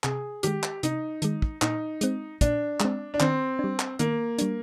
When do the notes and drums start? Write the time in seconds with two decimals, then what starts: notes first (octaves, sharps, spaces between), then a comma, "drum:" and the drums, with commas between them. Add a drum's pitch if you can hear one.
0.04 C3 G#4, drum: clap
0.43 D#3 G#3 G4, drum: hi-hat
0.63 drum: clap
0.83 C3 D#4, drum: hi-hat
1.22 D#3 G#3, drum: hi-hat
1.42 drum: kick
1.62 A#2 D#4, drum: clap
2.01 G#3 C4, drum: hi-hat
2.41 A#2 D4, drum: kick, hi-hat
2.80 G#3 C4, drum: clap
3.14 D4
3.20 D#3 C4, drum: clap
3.59 G3 D4
3.79 drum: clap
3.99 D#3 A#3, drum: hi-hat
4.39 G3 D4, drum: hi-hat